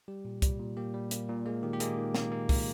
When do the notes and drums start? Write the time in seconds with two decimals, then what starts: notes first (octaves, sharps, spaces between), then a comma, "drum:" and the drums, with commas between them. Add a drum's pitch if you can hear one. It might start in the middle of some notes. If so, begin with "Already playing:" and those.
0.08 G3 G4
0.25 A#2
0.42 G3, drum: kick, hi-hat
0.59 A#2
0.77 A#3 G4
0.94 G3
1.11 A#3, drum: hi-hat
1.29 A#2
1.46 G#3 A#3 G#4
1.63 D#3 G4
1.73 G4
1.80 G#3 A#3 G#4, drum: hi-hat
1.97 D#3
2.15 A#3, drum: snare
2.32 A#3
2.49 A#3, drum: kick, open hi-hat